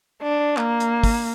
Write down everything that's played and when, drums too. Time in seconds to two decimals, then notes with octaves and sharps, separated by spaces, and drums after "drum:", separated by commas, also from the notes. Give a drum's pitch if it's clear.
0.22 D4
0.57 A#3, drum: clap
0.80 drum: hi-hat
1.03 drum: kick, open hi-hat